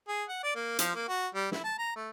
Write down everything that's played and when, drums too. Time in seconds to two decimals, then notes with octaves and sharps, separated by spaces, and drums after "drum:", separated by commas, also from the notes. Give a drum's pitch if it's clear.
0.08 G#4
0.29 F#5
0.43 D5
0.55 A#3
0.79 F3, drum: hi-hat
0.95 A#3
1.08 F#4
1.35 G3
1.52 E4, drum: snare
1.64 A5
1.79 A#5
1.96 A3